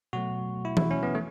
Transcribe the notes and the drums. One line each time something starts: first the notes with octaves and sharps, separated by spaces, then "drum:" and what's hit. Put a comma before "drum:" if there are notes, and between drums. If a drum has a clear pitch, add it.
B2 F#3 A3 F#4
E4
E4, drum: tom E3
C#4
B3
A3